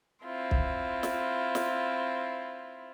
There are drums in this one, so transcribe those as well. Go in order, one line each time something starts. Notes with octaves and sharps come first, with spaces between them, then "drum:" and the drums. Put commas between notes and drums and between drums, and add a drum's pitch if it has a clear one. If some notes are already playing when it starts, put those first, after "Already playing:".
C4 E4 F4
drum: kick
drum: snare
drum: snare